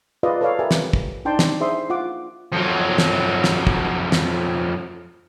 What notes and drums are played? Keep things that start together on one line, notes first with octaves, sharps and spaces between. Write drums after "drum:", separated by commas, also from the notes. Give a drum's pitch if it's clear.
F4 G#4 B4 D5 D#5 F5
A4 B4 C#5 D5 F5 D6
G4 A#4 B4 E5 G#5
drum: snare
drum: kick
D4 D#4 G5 A5 C6
drum: snare
E4 G#4 C5 E5 C6 D#6
F4 F#5 D6
F2 F#3
drum: snare
drum: snare
drum: kick
drum: snare